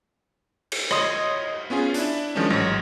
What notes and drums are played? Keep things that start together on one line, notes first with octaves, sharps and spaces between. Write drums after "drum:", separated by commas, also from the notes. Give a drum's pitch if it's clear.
drum: cymbal
C#5 D#5 C6 D#6, drum: rim click
B3 C#4 F4 G#4
D4 E4, drum: hi-hat
D#3 F3 F#3 G#3 C#4 D4
A1 G#2 F#3 C#5 A#6